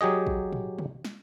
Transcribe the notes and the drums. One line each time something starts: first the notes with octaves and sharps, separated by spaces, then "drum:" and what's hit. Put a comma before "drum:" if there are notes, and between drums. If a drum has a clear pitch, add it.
F#3 G4 G#4 D#5
drum: kick A1
drum: tom
drum: tom
drum: snare